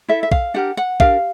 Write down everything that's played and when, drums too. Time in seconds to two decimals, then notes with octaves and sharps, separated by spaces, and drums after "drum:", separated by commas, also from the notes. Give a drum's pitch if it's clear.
0.08 E4 A4 E5
0.23 E5
0.32 F5, drum: kick
0.54 D4 G4 A#4 F#5
0.77 F#5
1.00 D4 G4 A#4 F5, drum: kick